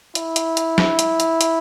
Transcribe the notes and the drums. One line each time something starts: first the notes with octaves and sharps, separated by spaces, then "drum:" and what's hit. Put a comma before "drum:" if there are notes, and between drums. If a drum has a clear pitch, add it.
E4, drum: hi-hat
drum: hi-hat
drum: hi-hat
drum: snare
drum: hi-hat
drum: hi-hat
drum: hi-hat